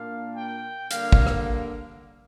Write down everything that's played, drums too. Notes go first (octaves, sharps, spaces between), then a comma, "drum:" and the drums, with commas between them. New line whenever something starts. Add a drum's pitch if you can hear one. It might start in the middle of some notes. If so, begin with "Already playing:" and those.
Already playing: A#2 A#3 D4 F5
G5
D3 G3 A#3 F5, drum: hi-hat
drum: kick
drum: rim click